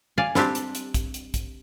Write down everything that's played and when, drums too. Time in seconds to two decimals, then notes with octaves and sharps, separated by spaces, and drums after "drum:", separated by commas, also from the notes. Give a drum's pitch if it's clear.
0.18 D5 F5 G#5
0.35 G3 C4 D4 G4, drum: snare
0.55 drum: hi-hat
0.75 drum: hi-hat
0.94 drum: kick, hi-hat
1.14 drum: hi-hat
1.34 drum: kick, hi-hat